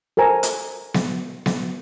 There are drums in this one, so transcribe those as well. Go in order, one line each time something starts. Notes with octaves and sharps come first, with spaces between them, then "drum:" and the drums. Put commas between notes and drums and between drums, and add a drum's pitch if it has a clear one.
A4 A#4 C5 G#5 A#5
drum: hi-hat
drum: snare B3
drum: snare B3